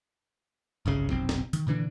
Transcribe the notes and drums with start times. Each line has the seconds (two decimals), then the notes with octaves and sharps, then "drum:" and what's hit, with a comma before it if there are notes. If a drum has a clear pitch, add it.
0.86 G1 C2 C#3
1.09 F1 B1 C4, drum: kick A1
1.29 drum: snare
1.53 D#3, drum: hi-hat
1.67 A#2 D3 E3 D4